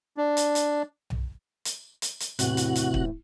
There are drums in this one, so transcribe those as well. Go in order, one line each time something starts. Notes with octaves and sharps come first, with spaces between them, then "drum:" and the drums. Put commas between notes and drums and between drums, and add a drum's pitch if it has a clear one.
D4
drum: hi-hat
drum: hi-hat
drum: tom B1
drum: hi-hat
drum: hi-hat
drum: hi-hat
E2 A2 C3 F#4 F#6, drum: hi-hat
drum: hi-hat
drum: hi-hat
drum: kick